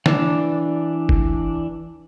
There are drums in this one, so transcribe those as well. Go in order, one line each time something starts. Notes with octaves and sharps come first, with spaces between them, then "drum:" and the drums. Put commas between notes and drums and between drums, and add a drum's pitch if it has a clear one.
E3 D4, drum: snare
drum: kick F#1